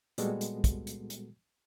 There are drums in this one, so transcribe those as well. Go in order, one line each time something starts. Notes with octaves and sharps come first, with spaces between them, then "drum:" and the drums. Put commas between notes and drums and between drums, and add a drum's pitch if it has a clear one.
A#2 G3 G#3 B3 F#4 A4, drum: hi-hat
drum: hi-hat
drum: kick, hi-hat
drum: hi-hat
drum: hi-hat